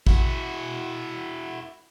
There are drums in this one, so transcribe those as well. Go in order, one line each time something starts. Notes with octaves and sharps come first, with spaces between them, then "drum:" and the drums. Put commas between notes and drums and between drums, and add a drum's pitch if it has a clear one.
E4 F#4, drum: kick A1